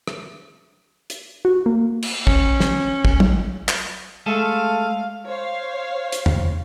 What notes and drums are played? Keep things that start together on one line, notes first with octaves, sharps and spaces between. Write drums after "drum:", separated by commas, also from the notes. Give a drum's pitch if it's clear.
drum: rim click
drum: hi-hat
F#4
A#3
drum: cymbal
C#4, drum: kick A1
drum: snare
drum: kick A1
drum: tom
drum: clap
G#3 A3 A4 F5
C5 C#5 F5
drum: hi-hat
drum: tom E2